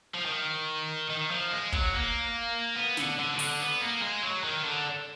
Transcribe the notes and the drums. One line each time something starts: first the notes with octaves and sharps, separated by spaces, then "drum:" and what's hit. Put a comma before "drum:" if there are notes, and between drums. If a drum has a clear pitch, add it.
F3
D#3
D#3
F3
G#3
F#3, drum: kick
A#3
B3
D3, drum: snare
D3
B2
D3, drum: open hi-hat
B3
A#3
G#3
F#3
D#3
D3